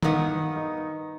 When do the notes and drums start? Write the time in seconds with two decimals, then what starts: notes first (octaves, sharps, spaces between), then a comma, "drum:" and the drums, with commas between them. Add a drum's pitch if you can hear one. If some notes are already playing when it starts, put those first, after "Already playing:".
0.03 G2 D#3 B3 D#4, drum: tom D#3
0.56 D#4